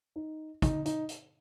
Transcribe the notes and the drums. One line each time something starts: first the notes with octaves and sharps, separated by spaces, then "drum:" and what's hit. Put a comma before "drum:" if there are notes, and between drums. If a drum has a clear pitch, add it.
D#4
D#4, drum: kick, hi-hat
D#4, drum: hi-hat
drum: hi-hat